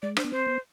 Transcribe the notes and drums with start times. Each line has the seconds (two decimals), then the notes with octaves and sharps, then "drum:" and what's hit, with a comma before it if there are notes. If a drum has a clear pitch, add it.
0.02 G#3 D5
0.17 D4 C5, drum: rim click
0.25 B3
0.31 C4 C5
0.47 B3